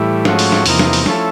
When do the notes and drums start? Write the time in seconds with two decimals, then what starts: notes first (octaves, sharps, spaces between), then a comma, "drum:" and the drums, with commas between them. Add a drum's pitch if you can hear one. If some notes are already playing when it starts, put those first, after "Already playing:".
Already playing: A2 E3 G3
0.25 G#2 F3 A3 C#4 F#4, drum: snare
0.39 drum: open hi-hat
0.52 drum: snare
0.66 E2 C3 F3 A#3 D#4, drum: open hi-hat
0.79 drum: snare
0.93 drum: open hi-hat
1.06 F3 A3 C#4 E4 A4, drum: snare